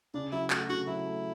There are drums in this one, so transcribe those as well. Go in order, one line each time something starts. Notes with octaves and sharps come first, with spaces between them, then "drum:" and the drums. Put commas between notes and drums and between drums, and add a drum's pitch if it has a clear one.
C#3 D4
F#3 E4
A3 F#4, drum: clap
C#3 F#4
F#3 E4
A3